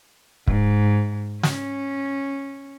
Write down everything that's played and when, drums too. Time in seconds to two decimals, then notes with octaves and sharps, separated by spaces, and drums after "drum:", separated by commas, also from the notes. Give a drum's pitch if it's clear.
0.47 G#2, drum: kick
1.43 C#4, drum: snare